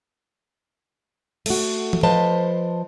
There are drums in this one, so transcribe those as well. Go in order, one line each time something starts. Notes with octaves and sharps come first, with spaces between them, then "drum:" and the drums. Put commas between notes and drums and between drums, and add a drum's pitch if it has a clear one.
A3 F#4, drum: cymbal
drum: tom E3
F3 B4 C5 D#5 A5